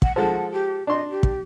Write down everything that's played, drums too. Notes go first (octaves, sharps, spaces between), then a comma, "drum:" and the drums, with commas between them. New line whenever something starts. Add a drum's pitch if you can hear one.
F#5, drum: kick
F3 G#3 A4 F#5
G4
D4 D#5 C6
G4
drum: kick